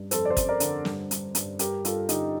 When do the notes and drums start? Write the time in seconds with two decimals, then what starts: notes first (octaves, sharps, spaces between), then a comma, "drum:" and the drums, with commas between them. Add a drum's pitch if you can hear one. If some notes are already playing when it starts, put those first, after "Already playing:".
Already playing: G2
0.11 F2 A4 C5, drum: hi-hat
0.25 D5
0.30 A4 C5
0.37 F2, drum: kick, hi-hat
0.49 A#4 D5
0.60 D3, drum: hi-hat
0.85 G2, drum: snare
1.11 G2, drum: hi-hat
1.35 G2, drum: hi-hat
1.59 G2 G4 A#4, drum: hi-hat
1.85 G2 F4 A4, drum: hi-hat
2.09 D3 D#4 G4, drum: hi-hat